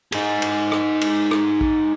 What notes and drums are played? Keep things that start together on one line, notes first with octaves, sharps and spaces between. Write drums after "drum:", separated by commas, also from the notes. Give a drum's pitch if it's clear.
D#4 G#4, drum: cymbal
drum: cymbal
drum: rim click
drum: cymbal
drum: rim click
drum: kick A#1